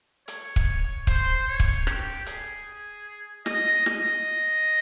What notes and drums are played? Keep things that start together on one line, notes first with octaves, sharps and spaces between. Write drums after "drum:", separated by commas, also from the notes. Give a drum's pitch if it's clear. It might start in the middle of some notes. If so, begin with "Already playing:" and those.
C#5, drum: hi-hat
drum: kick C#1
C5, drum: kick C#1
C#5
drum: kick C#1
G4, drum: rim click
G#4, drum: hi-hat
D#5, drum: snare
D#5, drum: snare